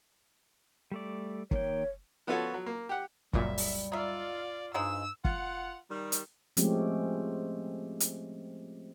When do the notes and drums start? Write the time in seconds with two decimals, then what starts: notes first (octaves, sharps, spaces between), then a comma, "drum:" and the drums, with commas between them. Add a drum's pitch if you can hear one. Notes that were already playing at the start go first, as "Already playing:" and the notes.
0.92 G3 A3 D5
1.51 D#3 A#3 C#5 G5, drum: kick
2.27 F3 B3 F4 F#4 A4 C#5
2.54 F#3
2.66 A#3
2.89 G4 F#5
3.33 C#2 F#2 A#2 G3 E5, drum: kick
3.58 drum: open hi-hat
3.92 D#4 F4 D5 E5
4.74 G2 F3 G#3 D#4 E6
5.25 F4 F#5, drum: kick
5.90 D#3 G3
6.12 drum: hi-hat
6.57 F3 G#3 A3 C4 C#4 G4, drum: hi-hat
8.00 drum: hi-hat